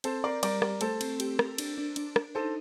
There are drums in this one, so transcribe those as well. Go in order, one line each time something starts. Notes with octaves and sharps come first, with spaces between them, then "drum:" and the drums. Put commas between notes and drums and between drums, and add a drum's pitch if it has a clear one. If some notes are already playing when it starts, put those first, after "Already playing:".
C4 A4 C5, drum: cymbal
C4 A#4 D5
G3 A#4 D5, drum: cymbal
G4 A#4 D5, drum: rim click
A3 A4 C5, drum: cymbal
C4, drum: cymbal
G4, drum: cymbal
A#4, drum: rim click
D4, drum: cymbal
D4
D4, drum: cymbal
D4, drum: rim click
D#4 A4 C5